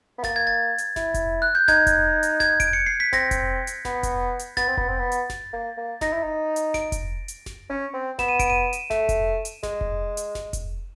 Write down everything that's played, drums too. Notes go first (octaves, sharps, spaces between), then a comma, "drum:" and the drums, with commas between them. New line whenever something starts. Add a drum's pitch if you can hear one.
B3
A#3 A6, drum: snare F#1
G#6
A6
drum: hi-hat
E4, drum: snare F#1
drum: kick F1, hi-hat
F#6
G6
D#4 G#6, drum: snare F#1
drum: kick F1, hi-hat
drum: hi-hat
G#6, drum: snare F#1
D7, drum: kick F1, hi-hat
C#7
C7
B6
C4 A#6, drum: snare F#1
drum: kick F1, hi-hat
drum: hi-hat
B3, drum: snare F#1
drum: kick F1, hi-hat
drum: hi-hat
B3 A6, drum: snare F#1
C4
B3, drum: kick F1
C4
B3
drum: hi-hat
drum: snare F#1
A#3
A#3
D#4 A#6, drum: snare F#1
E4
D#4
drum: hi-hat
D7, drum: snare F#1
drum: kick F1, hi-hat
drum: hi-hat
drum: snare F#1
C#4
C4
B3 E7, drum: snare F#1
D#7
D7, drum: kick F1, hi-hat
D#7
drum: hi-hat
A3, drum: snare F#1
drum: kick F1, hi-hat
drum: hi-hat
G#3, drum: snare F#1
drum: kick F1
drum: hi-hat
drum: snare F#1
drum: kick F1, hi-hat